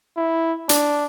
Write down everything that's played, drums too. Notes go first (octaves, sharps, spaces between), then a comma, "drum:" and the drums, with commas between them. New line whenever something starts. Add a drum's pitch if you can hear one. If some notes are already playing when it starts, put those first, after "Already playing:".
E4
D4, drum: hi-hat